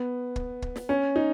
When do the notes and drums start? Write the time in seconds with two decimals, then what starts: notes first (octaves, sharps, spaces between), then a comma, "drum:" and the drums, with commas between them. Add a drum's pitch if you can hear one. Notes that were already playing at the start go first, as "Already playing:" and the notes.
Already playing: B3
0.36 drum: kick
0.62 drum: kick
0.76 drum: snare
0.89 C#4
1.16 D#4